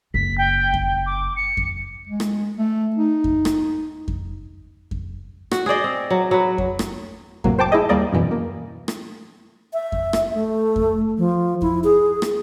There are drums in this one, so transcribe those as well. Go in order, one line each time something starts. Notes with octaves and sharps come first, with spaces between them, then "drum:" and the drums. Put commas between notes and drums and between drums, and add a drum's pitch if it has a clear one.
F#1 B6
G5
drum: kick F2
D6
C#7
drum: kick F2
G#3
drum: rim click
A3
D#4
drum: kick F2
drum: rim click
drum: kick F2
drum: kick F2
F#4, drum: rim click
G#4 C5 D5 D#5
C4
F#3
F#3 B4
drum: kick F2
drum: rim click
A2 C3 F#3 A#3, drum: kick F2
C5 G5 A5 D6
E4 G#4 D#5
D#2 G3 A#3 D5 D#5
F#2 B2 E3
A#3
drum: rim click
E5
drum: kick F2
drum: rim click
A3
drum: kick F2
F3
E4, drum: kick F2
G#4
drum: rim click